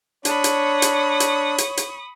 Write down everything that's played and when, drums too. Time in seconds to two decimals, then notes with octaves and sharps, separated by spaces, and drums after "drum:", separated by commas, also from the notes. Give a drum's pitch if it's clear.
0.25 D4 C#5 B5 C#6 D#6, drum: hi-hat
0.44 drum: hi-hat
0.82 drum: hi-hat
1.20 drum: hi-hat
1.58 drum: hi-hat
1.77 drum: hi-hat